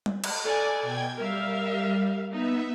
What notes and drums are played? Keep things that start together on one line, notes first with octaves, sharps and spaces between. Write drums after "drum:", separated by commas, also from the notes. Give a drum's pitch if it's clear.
drum: tom G3
drum: cymbal
A4 D5 G#5
B2 G5 G#6
G3 A#4 E5 F5
B3 D#4 E5